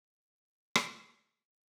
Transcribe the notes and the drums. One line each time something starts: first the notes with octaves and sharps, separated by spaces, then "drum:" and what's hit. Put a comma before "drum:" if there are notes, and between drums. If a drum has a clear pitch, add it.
C#3
drum: rim click